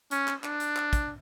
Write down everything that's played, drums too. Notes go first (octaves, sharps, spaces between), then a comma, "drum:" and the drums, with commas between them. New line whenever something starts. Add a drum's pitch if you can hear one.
C#4, drum: hi-hat
drum: clap
D4, drum: clap
drum: hi-hat
drum: clap
drum: kick, hi-hat